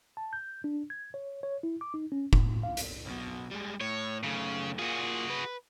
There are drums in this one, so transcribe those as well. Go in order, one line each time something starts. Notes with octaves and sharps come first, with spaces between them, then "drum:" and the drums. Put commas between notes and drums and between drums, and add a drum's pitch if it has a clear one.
A5
G6
D4
G#6
C#5
C#5
E4
D6
D#4
C#4
A2, drum: kick F1
F5
drum: hi-hat
B1 B2
G3 G#3
A2 C#5
F#2 C#3 A3
A#3 F4 F#4 G#4
B4